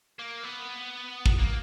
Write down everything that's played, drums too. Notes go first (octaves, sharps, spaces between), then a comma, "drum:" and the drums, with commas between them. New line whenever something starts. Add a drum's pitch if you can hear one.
A#3
B3
drum: kick
A#3